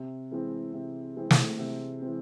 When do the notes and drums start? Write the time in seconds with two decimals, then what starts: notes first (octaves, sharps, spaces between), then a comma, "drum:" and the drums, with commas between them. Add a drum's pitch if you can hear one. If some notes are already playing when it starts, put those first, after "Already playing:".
Already playing: C3
0.31 E3 G#3 C4
0.74 C3
1.16 E3 G#3 C4
1.31 drum: snare
1.59 C3
2.02 E3 G#3 C4